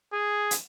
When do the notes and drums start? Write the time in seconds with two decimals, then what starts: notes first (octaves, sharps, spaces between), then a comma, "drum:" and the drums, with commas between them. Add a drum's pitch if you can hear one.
0.12 G#4
0.51 drum: hi-hat